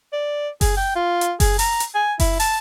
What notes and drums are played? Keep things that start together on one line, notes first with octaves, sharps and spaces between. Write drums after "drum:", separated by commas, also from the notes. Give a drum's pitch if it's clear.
D5
G#4, drum: kick F#1, open hi-hat
G5
F4
drum: hi-hat
G#4, drum: kick F#1, open hi-hat
A#5, drum: open hi-hat
drum: hi-hat
G#5
E4, drum: kick F#1, open hi-hat
A5, drum: open hi-hat